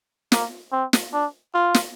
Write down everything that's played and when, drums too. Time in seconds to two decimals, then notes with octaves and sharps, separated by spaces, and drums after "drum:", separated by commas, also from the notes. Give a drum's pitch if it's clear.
0.32 A#3, drum: snare
0.72 C4
0.93 drum: snare
1.13 D4
1.55 F4
1.74 drum: snare